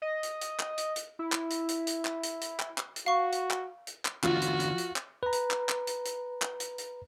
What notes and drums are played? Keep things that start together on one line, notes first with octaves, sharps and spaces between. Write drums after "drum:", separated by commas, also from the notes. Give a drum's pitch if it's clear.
D#5
drum: hi-hat
drum: hi-hat
drum: clap
drum: hi-hat
drum: hi-hat
E4
drum: clap
drum: hi-hat
drum: hi-hat
drum: hi-hat
drum: clap
drum: hi-hat
drum: hi-hat
drum: clap
drum: clap
drum: hi-hat
F#4 F5 C#6
drum: hi-hat
drum: clap
drum: hi-hat
drum: clap
E2 D3 F4 F#4, drum: clap
drum: hi-hat
drum: hi-hat
drum: hi-hat
drum: clap
B4 A#5
drum: hi-hat
drum: clap
drum: clap
drum: hi-hat
drum: hi-hat
drum: clap
drum: hi-hat
drum: hi-hat